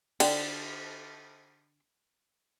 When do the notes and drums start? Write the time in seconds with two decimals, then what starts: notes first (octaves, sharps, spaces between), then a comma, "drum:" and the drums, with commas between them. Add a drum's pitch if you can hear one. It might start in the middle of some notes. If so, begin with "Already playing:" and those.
0.20 D3 G5, drum: cymbal